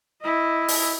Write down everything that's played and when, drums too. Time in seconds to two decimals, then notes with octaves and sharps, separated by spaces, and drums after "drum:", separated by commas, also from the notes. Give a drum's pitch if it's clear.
0.22 E4 D#5
0.68 drum: open hi-hat